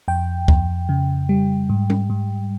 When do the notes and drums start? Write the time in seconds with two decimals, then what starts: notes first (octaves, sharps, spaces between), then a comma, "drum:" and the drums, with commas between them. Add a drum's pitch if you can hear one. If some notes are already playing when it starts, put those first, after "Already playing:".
0.08 F2 G5
0.48 F2, drum: kick
0.89 C#3
1.29 G3
1.70 G#2
1.90 drum: tom G3
2.10 G#2